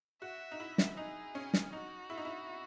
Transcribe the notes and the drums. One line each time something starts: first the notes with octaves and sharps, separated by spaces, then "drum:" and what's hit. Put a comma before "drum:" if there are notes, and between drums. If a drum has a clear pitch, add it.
F#4 E5
D#4
E4
drum: snare
D#4 G#4
C#4
drum: snare
D#4 F#4
E4
D#4
E4